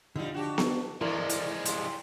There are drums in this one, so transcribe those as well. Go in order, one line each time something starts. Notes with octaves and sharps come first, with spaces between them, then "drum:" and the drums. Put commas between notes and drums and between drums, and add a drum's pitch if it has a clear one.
D3 F3 G3 D#4
D4 F#4 G4
drum: snare B3
E3 F3 G#3 A3 E4 A#4 D5
drum: hi-hat
G2 C#3 C6, drum: hi-hat